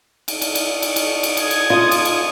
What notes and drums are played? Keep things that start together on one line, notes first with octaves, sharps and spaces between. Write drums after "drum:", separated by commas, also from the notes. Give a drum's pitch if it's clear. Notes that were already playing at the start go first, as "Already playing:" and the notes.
drum: cymbal
drum: cymbal
drum: cymbal
drum: cymbal
drum: cymbal
drum: cymbal
D#6 G#6, drum: cymbal
drum: cymbal
F4
drum: cymbal
drum: cymbal